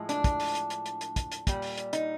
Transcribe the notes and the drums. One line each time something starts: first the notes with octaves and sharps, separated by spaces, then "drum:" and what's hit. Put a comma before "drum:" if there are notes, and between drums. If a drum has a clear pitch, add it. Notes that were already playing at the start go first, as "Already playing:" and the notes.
Already playing: A2 F3 G#3
D4, drum: hi-hat
drum: kick, hi-hat
drum: open hi-hat
drum: hi-hat
drum: hi-hat
drum: hi-hat
drum: hi-hat
drum: kick, hi-hat
drum: hi-hat
A#2 G3, drum: kick, hi-hat
drum: open hi-hat
drum: hi-hat
D#4, drum: hi-hat